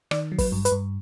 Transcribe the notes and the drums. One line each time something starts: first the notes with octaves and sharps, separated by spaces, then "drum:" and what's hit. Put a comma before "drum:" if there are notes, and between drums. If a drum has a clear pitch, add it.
D#3 D5, drum: rim click
F#3
B4, drum: kick, open hi-hat
G2
B4, drum: hi-hat
G2